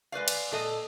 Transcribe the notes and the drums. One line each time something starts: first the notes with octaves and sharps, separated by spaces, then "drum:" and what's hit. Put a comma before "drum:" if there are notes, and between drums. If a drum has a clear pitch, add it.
G#3 B4 D5 F5
drum: cymbal
A#2 A4 D#5